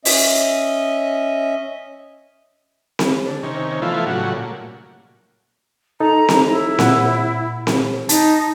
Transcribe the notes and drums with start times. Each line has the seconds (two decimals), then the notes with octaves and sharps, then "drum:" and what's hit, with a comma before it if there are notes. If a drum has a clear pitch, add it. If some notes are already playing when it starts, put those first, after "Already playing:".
0.05 C#4 D#5 E5, drum: open hi-hat
2.99 drum: snare C4
3.27 D3
3.43 C3 D#3 C#4
3.82 E3 F3 A3 B3 E4 F4
4.06 A2 C#3 F#3 G3 F#4
4.35 A#2
6.00 D#4 A4 A#5
6.29 drum: snare C4
6.50 E4
6.79 A#2 F#5, drum: snare C4
7.67 drum: snare C4
8.09 D#4 A5, drum: hi-hat